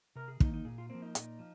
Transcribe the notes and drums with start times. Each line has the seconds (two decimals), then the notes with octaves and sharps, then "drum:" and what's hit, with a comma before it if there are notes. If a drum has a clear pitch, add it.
0.16 C3 A#4
0.28 G#4
0.40 D#3 A#3 D#4, drum: kick
0.54 D#4
0.65 A#2 G#4
0.78 F4
0.90 F3 A#3 C4
1.02 D#4
1.15 A#2, drum: hi-hat
1.39 F3